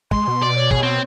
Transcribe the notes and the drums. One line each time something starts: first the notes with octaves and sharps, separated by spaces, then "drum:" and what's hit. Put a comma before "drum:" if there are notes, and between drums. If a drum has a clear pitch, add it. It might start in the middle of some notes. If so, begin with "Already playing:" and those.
G#3 C6, drum: kick
B2
D5
C#5
G#4, drum: kick
B2 C4